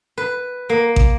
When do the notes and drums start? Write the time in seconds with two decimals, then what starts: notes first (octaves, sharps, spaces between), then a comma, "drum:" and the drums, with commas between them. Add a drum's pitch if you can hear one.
0.18 B4
0.69 A#3
0.96 drum: kick